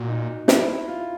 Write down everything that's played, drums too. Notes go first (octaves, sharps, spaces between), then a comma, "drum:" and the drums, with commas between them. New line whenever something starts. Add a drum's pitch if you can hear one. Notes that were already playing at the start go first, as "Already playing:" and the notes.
Already playing: A#2 F#4
D#4
E4, drum: snare
F4